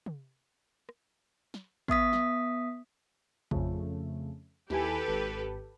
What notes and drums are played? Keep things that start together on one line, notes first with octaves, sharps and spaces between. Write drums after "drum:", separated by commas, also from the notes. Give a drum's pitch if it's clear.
drum: tom
drum: rim click
drum: snare
B3 E5 D#6 B6, drum: kick
drum: snare
F2 C#3 A3, drum: kick
D#2 E4 G4 A4 B4 G#5, drum: snare
G#1